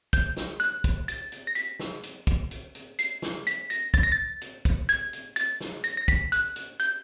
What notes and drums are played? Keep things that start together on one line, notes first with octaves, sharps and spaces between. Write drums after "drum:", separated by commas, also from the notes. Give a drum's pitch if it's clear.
G6, drum: kick, hi-hat
drum: snare
F#6, drum: hi-hat
drum: kick, hi-hat
A6, drum: hi-hat
drum: hi-hat
A#6
B6, drum: hi-hat
drum: snare
drum: hi-hat
drum: kick, hi-hat
drum: hi-hat
drum: hi-hat
C7, drum: hi-hat
drum: snare
B6, drum: hi-hat
A#6, drum: hi-hat
A6, drum: kick, hi-hat
A#6
A6
drum: hi-hat
drum: kick, hi-hat
G#6, drum: hi-hat
drum: hi-hat
A6, drum: hi-hat
drum: snare
A#6, drum: hi-hat
A#6
B6, drum: kick, hi-hat
F#6, drum: hi-hat
drum: hi-hat
G6, drum: hi-hat